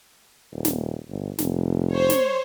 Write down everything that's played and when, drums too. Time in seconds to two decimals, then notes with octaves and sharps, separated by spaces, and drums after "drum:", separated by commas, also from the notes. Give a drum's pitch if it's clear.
0.52 D#1
0.65 drum: snare
1.09 G1
1.38 F1, drum: snare
1.92 C5 C#5
2.10 drum: snare